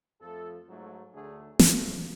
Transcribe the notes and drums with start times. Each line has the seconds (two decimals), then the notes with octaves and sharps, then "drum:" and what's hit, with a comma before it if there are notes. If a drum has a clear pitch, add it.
0.21 F2 F3 A3 A4
0.67 G#2 F#3 A3
1.13 D2 D3 F#3 A3 G#4
1.59 A2 F3 A3, drum: snare